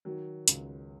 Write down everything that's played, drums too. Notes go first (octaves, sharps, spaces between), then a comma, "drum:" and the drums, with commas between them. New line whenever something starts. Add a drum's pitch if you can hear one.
D#3 F#3
C#2, drum: hi-hat